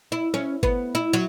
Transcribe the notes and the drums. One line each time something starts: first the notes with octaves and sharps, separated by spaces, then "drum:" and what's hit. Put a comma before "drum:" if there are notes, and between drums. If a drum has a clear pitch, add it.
E4
C#4, drum: snare
B3, drum: kick G1
E4
F#3